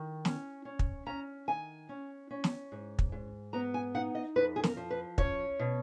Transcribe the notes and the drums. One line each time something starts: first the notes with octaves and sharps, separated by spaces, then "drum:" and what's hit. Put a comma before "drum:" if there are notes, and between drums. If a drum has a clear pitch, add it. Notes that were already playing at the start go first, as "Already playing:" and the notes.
Already playing: D#3
C#4, drum: snare
C#4
drum: kick
C#4 A#5
D#3 G#5
C#4
C#4
drum: snare
G#2
drum: kick
G#2
B3 A#5
G#5
D#4 F#5
D#5
F2 B4
G#4
A#4, drum: snare
F3
B4
C#4 C#5, drum: kick
B2